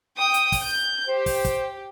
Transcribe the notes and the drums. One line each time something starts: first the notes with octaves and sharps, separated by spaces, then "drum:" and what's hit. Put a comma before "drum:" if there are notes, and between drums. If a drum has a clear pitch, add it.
G5 D#6
drum: hi-hat
drum: kick, open hi-hat
G6
G4 C5
drum: kick, open hi-hat
drum: kick, hi-hat